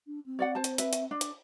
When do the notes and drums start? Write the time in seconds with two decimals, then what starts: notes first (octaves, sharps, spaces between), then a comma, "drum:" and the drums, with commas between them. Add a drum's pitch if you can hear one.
0.07 D4
0.26 C4
0.39 C#5 D5 F#5
0.55 C5 A5
0.64 drum: hi-hat
0.78 B4 E5, drum: hi-hat
0.93 drum: hi-hat
1.11 D4
1.21 drum: hi-hat